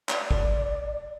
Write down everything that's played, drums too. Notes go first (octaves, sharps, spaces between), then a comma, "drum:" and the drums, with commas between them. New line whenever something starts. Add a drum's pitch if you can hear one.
D5, drum: clap
drum: kick